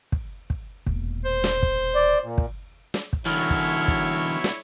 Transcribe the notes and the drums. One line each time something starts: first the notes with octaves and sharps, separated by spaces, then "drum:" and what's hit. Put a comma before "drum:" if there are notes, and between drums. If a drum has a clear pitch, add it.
drum: kick
drum: kick
E1 A#2, drum: kick
C5
drum: snare
drum: kick
D5
A#2
drum: kick
drum: snare
drum: kick
B2 D3 E3 F#3 E4 C#5 F6
drum: kick
drum: kick
drum: snare